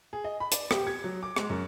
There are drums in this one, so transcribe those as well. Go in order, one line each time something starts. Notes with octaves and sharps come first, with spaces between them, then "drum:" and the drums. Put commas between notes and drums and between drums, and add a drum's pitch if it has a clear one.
G#4
D#5
B5
D5, drum: hi-hat
G4, drum: rim click
G#6
F#3
D6
G#3, drum: rim click
F#2